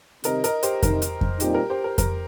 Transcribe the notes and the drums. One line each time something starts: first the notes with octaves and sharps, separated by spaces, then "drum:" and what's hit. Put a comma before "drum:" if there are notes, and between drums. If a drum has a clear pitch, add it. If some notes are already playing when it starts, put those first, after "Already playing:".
C3 D#3 G3 C4 A#4 D#5, drum: hi-hat
A#4 D#5, drum: hi-hat
G4 C5, drum: hi-hat
C3 D#3 C4 D#4 A#4, drum: kick F2, hi-hat
drum: hi-hat
drum: kick F2
A#2 G3 C4 D#4 G4, drum: hi-hat
A#4
G4 C5
A#4
A#4, drum: kick F2, hi-hat